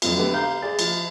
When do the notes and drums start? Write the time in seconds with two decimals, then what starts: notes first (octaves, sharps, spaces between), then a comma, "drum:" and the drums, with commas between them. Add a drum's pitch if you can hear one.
0.02 F2 F#3 C4 F4, drum: cymbal
0.17 D3 A3 B3 G4 A4 B4
0.33 G4 F5 A#5 G6
0.62 G#4 D5 A6
0.79 F3, drum: cymbal